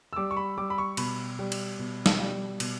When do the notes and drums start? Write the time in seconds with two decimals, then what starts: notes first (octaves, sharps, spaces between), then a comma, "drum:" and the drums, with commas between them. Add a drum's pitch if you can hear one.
0.13 E6
0.16 G3 D6
0.31 C#6
0.37 B5
0.58 G3 D6
0.70 B5
0.78 C#6
0.97 B2 B5, drum: cymbal
1.39 G3
1.52 drum: cymbal
1.79 B2
2.06 drum: snare
2.20 G3
2.60 B2, drum: cymbal